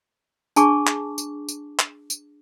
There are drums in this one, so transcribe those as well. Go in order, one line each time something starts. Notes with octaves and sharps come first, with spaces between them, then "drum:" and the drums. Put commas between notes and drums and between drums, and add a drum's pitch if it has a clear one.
D4 G#4 A5 C#6 D6, drum: tambourine
drum: clap
drum: tambourine
drum: tambourine
drum: clap
drum: tambourine